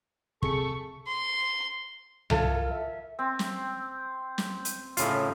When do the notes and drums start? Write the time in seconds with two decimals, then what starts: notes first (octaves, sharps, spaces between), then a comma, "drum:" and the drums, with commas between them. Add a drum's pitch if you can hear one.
0.43 C3 G#4 A4 C#6 C#7, drum: kick
1.08 C6
2.30 E3 F4 A4, drum: tom C2
2.49 A#4
2.71 E5
3.19 C4
3.39 drum: snare
4.38 drum: snare
4.65 drum: hi-hat
4.97 A2 C#3 F4, drum: hi-hat